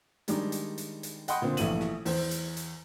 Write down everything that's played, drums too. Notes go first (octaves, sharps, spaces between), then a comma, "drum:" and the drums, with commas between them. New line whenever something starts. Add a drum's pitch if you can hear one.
D#3 G3 G#3 D4 D#4, drum: hi-hat
drum: hi-hat
drum: hi-hat
drum: hi-hat
D#5 F#5 G5 B5 C6 D#6, drum: hi-hat
A#2 D3 C4
A#1 E3 A3 D#7 F#7, drum: hi-hat
drum: snare
E2 C5, drum: open hi-hat
drum: hi-hat
drum: hi-hat